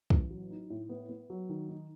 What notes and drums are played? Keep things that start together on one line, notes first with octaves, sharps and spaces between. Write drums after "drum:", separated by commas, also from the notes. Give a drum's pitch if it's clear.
A1, drum: kick
F#3
D#4
A2
B3
B3
F#3
D#3
D#4